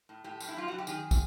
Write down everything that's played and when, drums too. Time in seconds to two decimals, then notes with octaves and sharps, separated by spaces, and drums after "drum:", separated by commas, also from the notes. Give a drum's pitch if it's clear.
0.09 A2
0.24 A2 G4
0.40 F#2, drum: tambourine
0.48 E4
0.56 F#2 F4
0.68 F#2 F#4
0.78 G4
0.87 D#3 G#4, drum: tambourine
1.11 drum: kick, tambourine